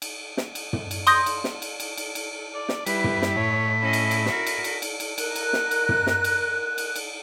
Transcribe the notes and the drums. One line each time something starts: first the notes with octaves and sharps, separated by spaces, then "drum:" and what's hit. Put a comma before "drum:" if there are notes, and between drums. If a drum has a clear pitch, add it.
drum: cymbal
drum: snare
drum: cymbal
drum: tom
drum: cymbal
C6 D#6 G6 A#6, drum: cymbal
drum: cymbal
drum: snare
drum: cymbal
drum: cymbal
drum: cymbal
drum: cymbal
D5
drum: snare
G3 E4 B4 B6, drum: cymbal
drum: tom
drum: snare
A2 C#5
C#4 E4 D#5
drum: cymbal
drum: cymbal
F#4 A#4, drum: snare
drum: cymbal
drum: cymbal
drum: cymbal
drum: cymbal
A#4 F#6, drum: cymbal
drum: cymbal
drum: snare
drum: cymbal
drum: tom
drum: snare
drum: cymbal
drum: cymbal
drum: cymbal